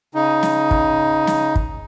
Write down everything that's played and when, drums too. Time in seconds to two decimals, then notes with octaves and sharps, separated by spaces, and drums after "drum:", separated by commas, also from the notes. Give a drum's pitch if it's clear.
0.14 C#3 D#4
0.43 drum: snare
0.71 drum: kick
1.27 drum: snare
1.55 drum: kick